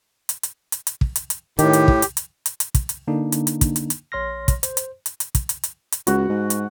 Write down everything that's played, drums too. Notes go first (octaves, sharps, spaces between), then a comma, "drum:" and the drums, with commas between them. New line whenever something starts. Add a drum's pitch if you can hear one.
drum: hi-hat
drum: hi-hat
drum: hi-hat
drum: hi-hat
drum: kick
drum: hi-hat
drum: hi-hat
A2 D#3 G4, drum: hi-hat
drum: hi-hat
drum: kick
drum: hi-hat
drum: hi-hat
drum: hi-hat
drum: hi-hat
drum: kick, hi-hat
drum: hi-hat
D3 A#3 D4 D#4
drum: hi-hat
drum: hi-hat
drum: kick, hi-hat
drum: hi-hat
drum: hi-hat
A#1 C#5 C6 F6 A#6
drum: kick, hi-hat
C5, drum: hi-hat
drum: hi-hat
drum: hi-hat
drum: hi-hat
drum: kick, hi-hat
drum: hi-hat
drum: hi-hat
drum: hi-hat
C#2 F#4, drum: hi-hat
G#2
drum: hi-hat